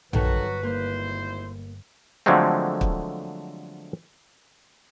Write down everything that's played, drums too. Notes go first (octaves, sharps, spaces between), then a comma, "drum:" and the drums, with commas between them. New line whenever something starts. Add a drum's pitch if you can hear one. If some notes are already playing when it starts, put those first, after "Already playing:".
G1 D#3 F#3 D#4 F#4 A4 B4, drum: tom A#1
G#1 A#3 E4 C5
D3 F3 F#3 G#3 A3 C4
drum: kick